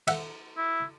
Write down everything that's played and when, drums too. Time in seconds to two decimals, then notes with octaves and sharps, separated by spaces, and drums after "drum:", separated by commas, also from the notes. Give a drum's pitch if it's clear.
0.07 E5 F#5, drum: cymbal
0.58 E4